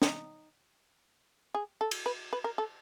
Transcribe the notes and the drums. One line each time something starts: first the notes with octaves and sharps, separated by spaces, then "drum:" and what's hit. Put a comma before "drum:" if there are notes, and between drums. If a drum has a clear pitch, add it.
D#4, drum: snare
G#4
A4
drum: cymbal
B4
B4
A#4
A4